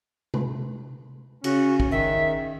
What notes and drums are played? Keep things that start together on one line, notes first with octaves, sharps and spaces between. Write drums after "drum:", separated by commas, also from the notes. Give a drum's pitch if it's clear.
drum: tom C3
C#3 C#4 F#4, drum: cymbal
drum: kick
D#3 E5